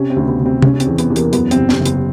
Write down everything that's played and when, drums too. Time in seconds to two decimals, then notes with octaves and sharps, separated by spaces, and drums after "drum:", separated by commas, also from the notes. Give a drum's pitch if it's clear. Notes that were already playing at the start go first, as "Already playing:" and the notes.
Already playing: C3 C#4
0.10 C4
0.16 D2
0.28 B3
0.39 D2
0.46 C4
0.62 C#3 C#4, drum: tom C3
0.74 C#4
0.80 C4, drum: hi-hat
0.86 E2
0.98 B3, drum: hi-hat
1.10 E2
1.16 A#3, drum: hi-hat
1.33 F#2 B3, drum: hi-hat
1.51 C4, drum: hi-hat
1.56 F#1
1.69 C4, drum: snare
1.80 F#1
1.86 B3, drum: hi-hat